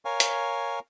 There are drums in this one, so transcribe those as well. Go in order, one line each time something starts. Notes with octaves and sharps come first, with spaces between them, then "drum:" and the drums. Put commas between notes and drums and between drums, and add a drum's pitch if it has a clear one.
A#4 C#5 F5 G#5
drum: hi-hat